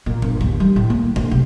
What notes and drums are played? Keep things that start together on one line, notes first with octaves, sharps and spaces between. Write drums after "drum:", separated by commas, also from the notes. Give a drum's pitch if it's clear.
A#2
G1, drum: tom A#2
D#2, drum: kick
G3
A2
A#3
D2, drum: tom B2
C3